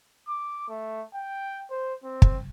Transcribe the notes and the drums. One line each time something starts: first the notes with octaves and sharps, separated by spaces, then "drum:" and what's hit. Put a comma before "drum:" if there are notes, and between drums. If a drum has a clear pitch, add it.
D6
A3
G5
C5
C4
drum: kick